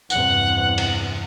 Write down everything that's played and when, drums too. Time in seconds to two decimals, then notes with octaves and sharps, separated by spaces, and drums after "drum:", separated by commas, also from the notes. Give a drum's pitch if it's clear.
0.10 E2 G2 C3 F#5, drum: tambourine
0.78 drum: cymbal